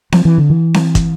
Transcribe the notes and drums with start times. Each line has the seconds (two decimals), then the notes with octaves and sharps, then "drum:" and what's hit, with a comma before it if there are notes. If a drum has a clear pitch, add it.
0.12 F3, drum: snare C4
0.25 E3
0.38 D3
0.50 E3
0.74 drum: snare C4
0.95 drum: kick, hi-hat